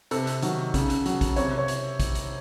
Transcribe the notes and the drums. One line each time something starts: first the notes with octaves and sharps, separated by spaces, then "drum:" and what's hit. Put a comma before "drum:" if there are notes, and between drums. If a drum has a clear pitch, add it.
C3 A4, drum: hi-hat
drum: hi-hat
D#3 F#3, drum: hi-hat
C#3, drum: kick, hi-hat
drum: hi-hat
F#3, drum: hi-hat
drum: kick, hi-hat
C3 C#5, drum: hi-hat
C#5
drum: hi-hat
drum: kick, hi-hat
drum: hi-hat